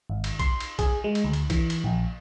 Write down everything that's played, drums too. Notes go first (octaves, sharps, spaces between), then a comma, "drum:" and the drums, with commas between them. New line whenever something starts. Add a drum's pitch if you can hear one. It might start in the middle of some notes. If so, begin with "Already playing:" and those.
G#1
drum: cymbal
C6, drum: kick A#1, cymbal
drum: cymbal
G#4, drum: kick A#1, cymbal
G#3
drum: cymbal
D2
drum: cymbal
E3, drum: kick A#1, cymbal
drum: cymbal
A#1